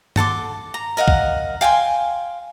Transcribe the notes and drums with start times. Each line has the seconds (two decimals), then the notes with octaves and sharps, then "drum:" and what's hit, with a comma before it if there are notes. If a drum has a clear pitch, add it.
0.16 F#4 A4 C6 D6, drum: tom G2
0.74 A#5
0.97 A#4 D#5 F5 F#5
1.08 drum: kick
1.61 F5 G5 G#5 C6